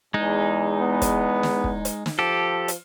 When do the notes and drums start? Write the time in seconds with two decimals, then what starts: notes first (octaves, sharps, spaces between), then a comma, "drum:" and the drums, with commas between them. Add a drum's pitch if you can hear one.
0.14 E2 G#3 D#4
0.81 B3
1.02 drum: kick, hi-hat
1.43 drum: snare
1.64 drum: kick
1.85 drum: hi-hat
2.06 drum: snare
2.19 F3 G4 A4
2.68 drum: hi-hat